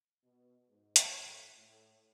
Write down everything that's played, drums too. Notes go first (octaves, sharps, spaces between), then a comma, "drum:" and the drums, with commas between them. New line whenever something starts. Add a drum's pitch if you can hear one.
B2
G#2
drum: hi-hat
A2
A2